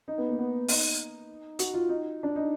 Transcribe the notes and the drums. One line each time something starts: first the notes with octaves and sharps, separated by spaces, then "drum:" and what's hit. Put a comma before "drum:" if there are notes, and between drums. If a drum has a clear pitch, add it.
D#4
B3
A#3
B3
D#4, drum: open hi-hat
F#4, drum: hi-hat
F4
D#4
D4
D#4